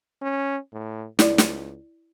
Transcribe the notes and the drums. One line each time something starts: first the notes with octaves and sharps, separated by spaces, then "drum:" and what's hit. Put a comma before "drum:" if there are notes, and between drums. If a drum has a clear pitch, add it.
C#4
A2
C#2 E4 D5, drum: snare
drum: snare